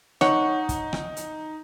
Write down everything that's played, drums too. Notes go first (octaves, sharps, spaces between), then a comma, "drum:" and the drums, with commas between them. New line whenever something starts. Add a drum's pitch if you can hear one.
D#4 C#5 F#5, drum: rim click
drum: kick, hi-hat
drum: rim click
drum: hi-hat